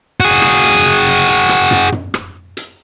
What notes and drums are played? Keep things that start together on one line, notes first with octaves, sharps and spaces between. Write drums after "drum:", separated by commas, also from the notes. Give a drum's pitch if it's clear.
F#4 G#4
drum: rim click
drum: hi-hat
drum: hi-hat
drum: hi-hat
drum: hi-hat
drum: rim click
drum: tom
drum: tom
drum: rim click
drum: hi-hat